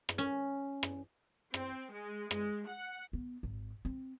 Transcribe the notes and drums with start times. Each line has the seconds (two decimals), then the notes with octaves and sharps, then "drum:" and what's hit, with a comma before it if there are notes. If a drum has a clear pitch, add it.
0.09 drum: rim click
0.18 C#4
0.83 drum: rim click
1.54 C4, drum: rim click
1.92 G#3
2.31 G#3, drum: rim click
2.68 F#5
3.13 B3
3.43 G#1
3.85 C4